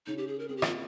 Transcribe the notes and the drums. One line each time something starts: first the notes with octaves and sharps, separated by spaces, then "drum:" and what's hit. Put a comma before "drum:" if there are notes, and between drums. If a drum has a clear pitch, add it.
C#3 C#4 D#4
G4
G#4
A#4
C4 G#4
G4
A#3 F4, drum: rim click